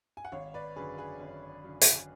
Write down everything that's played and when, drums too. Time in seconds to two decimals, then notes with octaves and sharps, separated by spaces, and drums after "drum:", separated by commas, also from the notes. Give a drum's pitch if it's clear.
0.17 G#5
0.25 F#5
0.32 G#1 C#5 F5
0.54 B4 D5
0.76 F#2 D3 G#4 B4
0.98 G#4 B4
1.20 G#1
1.64 F#2 D3
1.81 drum: hi-hat